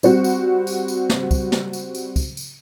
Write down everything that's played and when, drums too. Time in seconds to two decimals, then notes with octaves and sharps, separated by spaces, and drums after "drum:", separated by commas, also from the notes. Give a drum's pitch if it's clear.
0.03 G3 C4 F#4, drum: tambourine
0.24 drum: tambourine
0.67 drum: tambourine
0.88 drum: tambourine
1.10 drum: snare
1.31 drum: kick, tambourine
1.52 drum: snare
1.73 drum: tambourine
1.95 drum: tambourine
2.16 drum: kick, tambourine
2.37 drum: tambourine